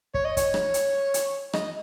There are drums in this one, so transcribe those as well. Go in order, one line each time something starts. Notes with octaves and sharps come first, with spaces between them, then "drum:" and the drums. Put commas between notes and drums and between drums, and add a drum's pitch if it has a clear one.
C#5, drum: kick
D#5
C#5, drum: kick, hi-hat
drum: rim click
drum: hi-hat
drum: hi-hat
D#5, drum: rim click